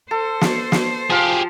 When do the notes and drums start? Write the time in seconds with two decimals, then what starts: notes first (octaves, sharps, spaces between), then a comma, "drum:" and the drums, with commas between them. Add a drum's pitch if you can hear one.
0.11 A4 C5
0.41 drum: snare
0.72 drum: snare
1.10 F3 G4 G#4 F5